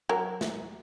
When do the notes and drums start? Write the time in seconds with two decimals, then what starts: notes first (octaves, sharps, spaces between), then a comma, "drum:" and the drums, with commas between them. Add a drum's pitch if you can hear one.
0.09 F#3 A#4
0.41 drum: snare